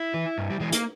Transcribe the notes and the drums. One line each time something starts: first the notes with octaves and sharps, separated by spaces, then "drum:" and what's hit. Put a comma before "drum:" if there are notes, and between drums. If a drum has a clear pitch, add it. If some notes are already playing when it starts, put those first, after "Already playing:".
Already playing: E4
E3
G2
G3
E3 G#3
A#3, drum: hi-hat